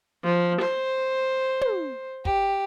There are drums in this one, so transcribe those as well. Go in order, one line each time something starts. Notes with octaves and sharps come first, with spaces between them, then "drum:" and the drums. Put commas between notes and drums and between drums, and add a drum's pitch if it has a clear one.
F3
C5, drum: snare
drum: tom
G4, drum: kick